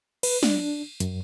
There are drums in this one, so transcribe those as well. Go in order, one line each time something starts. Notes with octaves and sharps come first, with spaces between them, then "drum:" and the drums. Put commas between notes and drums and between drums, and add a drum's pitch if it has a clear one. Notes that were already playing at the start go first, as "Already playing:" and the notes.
B4, drum: cymbal
D4, drum: snare
F#2, drum: hi-hat